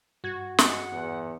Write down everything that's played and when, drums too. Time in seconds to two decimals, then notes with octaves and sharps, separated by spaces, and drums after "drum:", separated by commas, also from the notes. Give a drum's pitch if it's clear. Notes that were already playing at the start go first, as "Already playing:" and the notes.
0.24 G2 F#4 G#6
0.58 G#3 F#5, drum: snare
0.92 E2